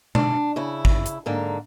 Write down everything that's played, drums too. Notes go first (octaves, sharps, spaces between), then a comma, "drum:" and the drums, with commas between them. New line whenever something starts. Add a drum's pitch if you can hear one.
D4, drum: tom B2
C#3 E4
drum: kick G#1
drum: hi-hat
G#2 D3 A#3